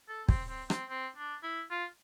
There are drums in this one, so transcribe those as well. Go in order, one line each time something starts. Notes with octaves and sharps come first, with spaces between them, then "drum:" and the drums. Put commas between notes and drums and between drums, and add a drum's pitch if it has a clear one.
A4
C4, drum: kick
C4
C4, drum: rim click
C4
D4
E4
F4